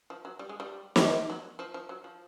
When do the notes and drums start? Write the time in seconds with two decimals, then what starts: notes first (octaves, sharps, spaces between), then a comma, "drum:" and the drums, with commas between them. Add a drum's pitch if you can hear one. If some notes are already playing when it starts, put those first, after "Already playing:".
0.10 F3
0.25 F#3
0.39 G3
0.49 G#3
0.60 G3
0.96 drum: snare
1.30 F#3
1.59 F3
1.74 F3
1.89 F#3
2.04 F3